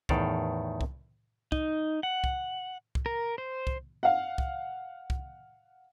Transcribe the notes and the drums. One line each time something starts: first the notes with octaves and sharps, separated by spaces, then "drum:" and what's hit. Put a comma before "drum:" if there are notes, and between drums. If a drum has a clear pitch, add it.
E2 A2 D#3 A4 D5 F5, drum: kick C2
drum: kick C2
D#4, drum: kick C2
F#5
drum: kick C2
drum: kick C2
A#4
C5
drum: kick C2
F5 F#5
drum: kick C2
drum: kick C2